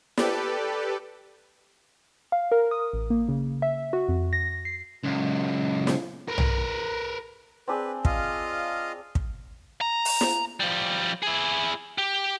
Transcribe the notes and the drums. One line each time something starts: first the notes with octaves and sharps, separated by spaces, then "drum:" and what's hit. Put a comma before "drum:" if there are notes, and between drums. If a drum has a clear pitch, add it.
G4 A4 B4 D5, drum: snare
F5
A#4
D#6
A1
A#3
C#3
E5
F#4
F2
A#6
C7
C#2 F#2
drum: snare
A#4 B4
drum: tom B1
C4 D4 G#4 B4
F4 D#5 F5, drum: kick
drum: kick
A#5
drum: open hi-hat
drum: snare
F3 G3
E4 G#4
G4